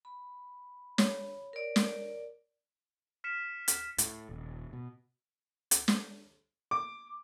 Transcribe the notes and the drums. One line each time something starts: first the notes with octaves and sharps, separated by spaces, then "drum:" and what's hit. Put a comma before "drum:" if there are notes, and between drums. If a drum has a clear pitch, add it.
B5
C#5, drum: snare
A#4 D5
drum: snare
F6 B6 C#7 E7
drum: hi-hat
A2, drum: hi-hat
D#1
B2
drum: hi-hat
drum: snare
D6